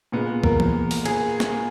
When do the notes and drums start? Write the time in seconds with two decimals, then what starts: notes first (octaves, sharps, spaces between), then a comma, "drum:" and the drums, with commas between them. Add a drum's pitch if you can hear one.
0.12 A#2 G#3 B3
0.44 A#4, drum: kick C2
0.60 drum: tom E3
0.91 drum: open hi-hat
1.05 G#4, drum: cymbal
1.40 drum: snare